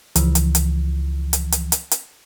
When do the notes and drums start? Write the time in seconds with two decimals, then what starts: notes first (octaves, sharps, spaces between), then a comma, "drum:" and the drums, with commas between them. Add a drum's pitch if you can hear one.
0.16 C#2 E3 F3, drum: hi-hat
0.35 drum: hi-hat
0.55 drum: hi-hat
1.33 drum: hi-hat
1.52 drum: hi-hat
1.72 drum: hi-hat
1.91 drum: hi-hat